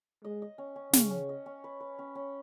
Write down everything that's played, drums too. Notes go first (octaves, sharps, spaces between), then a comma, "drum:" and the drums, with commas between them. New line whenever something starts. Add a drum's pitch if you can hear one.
G#3 D#5
D#5
C#4
C#4
C#3 C#4, drum: snare
C#4
D#5
C#4
B4
B4
C#4
C#4